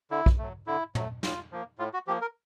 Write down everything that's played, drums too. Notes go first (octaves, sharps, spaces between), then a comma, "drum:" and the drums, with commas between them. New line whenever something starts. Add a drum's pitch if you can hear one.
D3 E4
drum: kick
F#3 A3
D3 E4
F#3 A3, drum: tom
A2 F4, drum: snare
F3 A#3
A2 F4
F#4
F3 A#3 G4
A#4